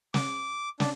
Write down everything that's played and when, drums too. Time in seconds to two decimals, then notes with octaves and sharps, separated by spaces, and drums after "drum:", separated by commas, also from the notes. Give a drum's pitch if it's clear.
0.14 D6, drum: snare
0.80 D4, drum: snare